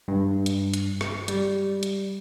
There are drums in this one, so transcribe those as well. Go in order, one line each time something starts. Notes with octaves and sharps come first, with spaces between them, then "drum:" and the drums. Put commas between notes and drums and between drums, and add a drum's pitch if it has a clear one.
G2
drum: hi-hat
drum: hi-hat
drum: rim click
G3, drum: hi-hat
drum: hi-hat